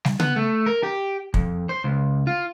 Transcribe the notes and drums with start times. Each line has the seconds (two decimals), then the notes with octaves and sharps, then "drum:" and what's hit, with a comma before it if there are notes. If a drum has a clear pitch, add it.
0.05 drum: snare
0.20 B3, drum: tom C#3
0.36 A3
0.66 A#4
0.83 G4
1.34 F2, drum: kick
1.69 C5
1.84 C#2
2.27 F4